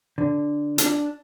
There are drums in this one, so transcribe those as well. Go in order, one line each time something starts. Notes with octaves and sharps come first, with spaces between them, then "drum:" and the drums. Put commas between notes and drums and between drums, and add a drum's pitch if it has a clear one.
D3
D4, drum: hi-hat